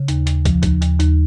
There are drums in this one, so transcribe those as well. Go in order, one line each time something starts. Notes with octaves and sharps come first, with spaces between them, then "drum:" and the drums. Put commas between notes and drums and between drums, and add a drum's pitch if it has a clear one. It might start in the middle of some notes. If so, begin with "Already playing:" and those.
Already playing: C#3
D#2, drum: hi-hat
D#2, drum: hi-hat
F3, drum: kick, hi-hat
D#2, drum: kick, hi-hat
D#2, drum: hi-hat
D#2, drum: hi-hat